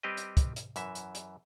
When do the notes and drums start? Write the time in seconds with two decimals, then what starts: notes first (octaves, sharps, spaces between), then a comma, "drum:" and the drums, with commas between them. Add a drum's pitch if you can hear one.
0.03 G3 C4 G4 B4 D#5
0.17 drum: hi-hat
0.37 drum: kick, hi-hat
0.56 drum: hi-hat
0.76 F#2 E3 E5, drum: hi-hat
0.95 drum: hi-hat
1.15 drum: hi-hat